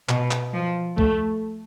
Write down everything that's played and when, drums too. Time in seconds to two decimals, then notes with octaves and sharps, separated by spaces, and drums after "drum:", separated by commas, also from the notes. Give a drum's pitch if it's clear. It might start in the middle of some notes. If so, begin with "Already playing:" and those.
0.09 B2, drum: clap
0.31 drum: clap
0.53 F3
0.98 A3, drum: kick